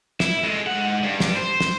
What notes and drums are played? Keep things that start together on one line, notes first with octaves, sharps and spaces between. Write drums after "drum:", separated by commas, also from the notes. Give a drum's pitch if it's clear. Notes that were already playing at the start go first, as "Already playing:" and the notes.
E4, drum: snare
G#3 A4
G#2 F#5
G2
drum: snare
C5
drum: snare